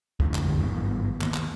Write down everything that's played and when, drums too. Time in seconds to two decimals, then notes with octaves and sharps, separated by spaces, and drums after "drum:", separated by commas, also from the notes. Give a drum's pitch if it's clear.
0.20 F2 A2 D3, drum: kick
0.34 drum: clap
0.48 drum: tom F#2
0.59 G#1 G2 E3 B3
1.21 D#3 A#3 B3, drum: clap
1.34 drum: clap